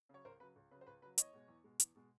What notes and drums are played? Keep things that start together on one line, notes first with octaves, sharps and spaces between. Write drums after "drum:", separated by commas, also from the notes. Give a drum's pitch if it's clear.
C#3 F#3 C#5
C#2 A#4 C5
C#3 F#3 B4
C#2
C#3 F#3 B4
C5
C#2 B4
C#3 F#3 B4
E2 C#5 D#5, drum: hi-hat
B2 G#3
E2
B2 G#3
E2, drum: hi-hat
B2 G#3